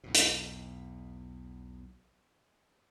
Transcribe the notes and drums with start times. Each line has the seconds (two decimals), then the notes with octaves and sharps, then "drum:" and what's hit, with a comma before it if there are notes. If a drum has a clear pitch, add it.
0.04 B1 E2 B2
0.15 drum: hi-hat